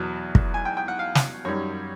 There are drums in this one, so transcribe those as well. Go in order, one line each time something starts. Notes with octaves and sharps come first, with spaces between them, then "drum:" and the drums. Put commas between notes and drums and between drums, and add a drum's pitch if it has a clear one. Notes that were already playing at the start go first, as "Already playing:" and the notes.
Already playing: E2 B2 F#3
drum: kick
G#5
G5
G5
F#5
F5
drum: snare
F#2 D#3 G3 C#5